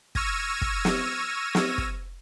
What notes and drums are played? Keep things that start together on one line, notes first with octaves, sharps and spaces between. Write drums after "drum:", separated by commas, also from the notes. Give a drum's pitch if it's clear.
C#6 E6 F6 G#6 A#6 D#7, drum: kick
drum: kick
drum: snare
drum: snare
drum: kick